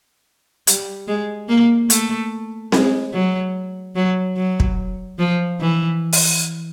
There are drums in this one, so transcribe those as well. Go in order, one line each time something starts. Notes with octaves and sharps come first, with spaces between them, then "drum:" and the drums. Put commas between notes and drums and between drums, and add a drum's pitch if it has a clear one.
G3, drum: hi-hat
G#3
A#3
A3, drum: hi-hat
G#3, drum: snare C4
F#3
F#3
F#3
drum: kick
F3
E3
drum: open hi-hat